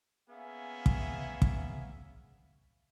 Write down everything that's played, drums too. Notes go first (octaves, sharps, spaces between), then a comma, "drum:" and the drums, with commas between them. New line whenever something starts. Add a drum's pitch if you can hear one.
A#3 B3 C#4 G#4 E5 F5
drum: kick
drum: kick